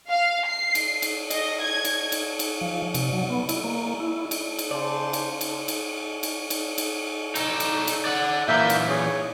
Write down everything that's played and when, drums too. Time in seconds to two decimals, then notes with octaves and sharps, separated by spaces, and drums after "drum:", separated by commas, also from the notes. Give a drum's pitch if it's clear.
0.10 F5
0.48 C7
0.75 drum: cymbal
1.02 drum: cymbal
1.30 D#5, drum: cymbal
1.63 G#6
1.85 drum: cymbal
2.12 drum: cymbal
2.39 drum: cymbal
2.61 F3
2.94 C3, drum: cymbal
3.12 F#3
3.30 B3
3.49 E4, drum: cymbal
3.64 A#3
4.00 E4
4.31 drum: cymbal
4.59 drum: cymbal
4.71 C#3 C5 D5 A5
5.13 drum: cymbal
5.41 drum: cymbal
5.68 drum: cymbal
6.23 drum: cymbal
6.50 drum: cymbal
6.78 drum: cymbal
7.35 D#4 A4, drum: cymbal
7.60 drum: cymbal
7.87 drum: cymbal
8.05 D5 F#5
8.48 A#2 E3 A#3 E5 G6
8.70 drum: cymbal
8.89 G#4 C#5